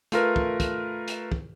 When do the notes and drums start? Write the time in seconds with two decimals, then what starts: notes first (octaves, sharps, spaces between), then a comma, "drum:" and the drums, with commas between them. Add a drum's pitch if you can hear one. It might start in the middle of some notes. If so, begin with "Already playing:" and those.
0.12 A3 F4 A#4 B4, drum: hi-hat
0.36 drum: kick
0.60 drum: kick, hi-hat
1.08 drum: hi-hat
1.32 drum: kick